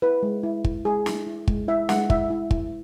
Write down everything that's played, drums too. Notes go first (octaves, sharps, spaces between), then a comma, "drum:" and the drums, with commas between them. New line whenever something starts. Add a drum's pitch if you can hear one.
E4 B4
G#3
E4
E4, drum: kick
G#3 G#4
E4, drum: snare
E4
G#3, drum: kick
E4 E5
G#3 F#5, drum: snare
E4 E5, drum: kick
E4
E4, drum: kick